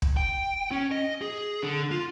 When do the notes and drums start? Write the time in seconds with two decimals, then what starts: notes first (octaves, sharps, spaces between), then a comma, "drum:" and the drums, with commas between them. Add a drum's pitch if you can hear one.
0.02 drum: kick
0.17 G5
0.71 C#4
0.91 D#5
1.21 G#4
1.63 D3
1.91 F4